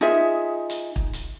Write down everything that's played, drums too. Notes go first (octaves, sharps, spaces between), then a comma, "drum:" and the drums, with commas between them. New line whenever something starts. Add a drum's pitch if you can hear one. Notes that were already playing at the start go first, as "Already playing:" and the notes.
D#4 F4 G#4 E5
drum: hi-hat
drum: kick
drum: hi-hat